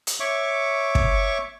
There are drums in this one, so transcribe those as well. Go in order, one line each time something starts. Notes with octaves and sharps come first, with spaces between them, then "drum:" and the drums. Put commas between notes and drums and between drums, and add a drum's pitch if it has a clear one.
drum: hi-hat
C#5 E5 C#6 D6
drum: kick